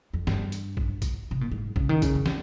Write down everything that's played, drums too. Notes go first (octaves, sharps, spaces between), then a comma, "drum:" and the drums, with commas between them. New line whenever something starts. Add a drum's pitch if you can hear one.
F2
G2, drum: snare
drum: hi-hat
drum: kick A#1
drum: kick A#1, hi-hat
C3
A#2
G#2
C#3, drum: kick A#1
D#3
C#3, drum: kick A#1, hi-hat
F2
drum: snare